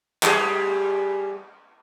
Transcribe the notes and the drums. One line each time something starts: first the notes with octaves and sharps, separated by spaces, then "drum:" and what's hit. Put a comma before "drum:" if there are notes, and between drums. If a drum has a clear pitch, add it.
G3 G#4, drum: clap